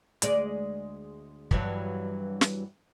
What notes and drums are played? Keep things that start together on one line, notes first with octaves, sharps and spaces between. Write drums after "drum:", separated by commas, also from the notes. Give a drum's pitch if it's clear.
D2 G#3 D5, drum: hi-hat
G2 E3 F#3, drum: kick
drum: snare